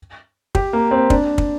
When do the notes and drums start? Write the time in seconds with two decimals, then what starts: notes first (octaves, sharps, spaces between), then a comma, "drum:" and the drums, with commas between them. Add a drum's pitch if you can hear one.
0.55 G4, drum: kick
0.73 A#3
0.91 C4
1.10 D4, drum: kick
1.38 drum: kick